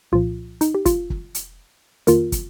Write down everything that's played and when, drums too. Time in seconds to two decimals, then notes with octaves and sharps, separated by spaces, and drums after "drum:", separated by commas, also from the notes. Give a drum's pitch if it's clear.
0.12 C2 A#2 F3 F4
0.61 D#4, drum: hi-hat
0.75 G4
0.86 F4, drum: kick, hi-hat
1.10 drum: kick
1.35 drum: hi-hat
2.07 F2 D#3 A#3 F4 A#4, drum: hi-hat
2.32 drum: kick, hi-hat